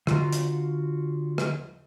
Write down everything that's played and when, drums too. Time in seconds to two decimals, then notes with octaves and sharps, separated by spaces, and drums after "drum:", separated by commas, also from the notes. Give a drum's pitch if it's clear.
0.07 D3 F4 F#4 A#5, drum: rim click
0.33 drum: hi-hat
1.38 drum: rim click